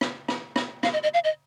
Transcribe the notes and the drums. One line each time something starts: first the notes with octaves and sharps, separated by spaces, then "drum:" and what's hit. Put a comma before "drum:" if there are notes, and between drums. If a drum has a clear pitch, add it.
drum: rim click
drum: rim click
drum: rim click
F5, drum: rim click
D#5
D#5
F5
D#5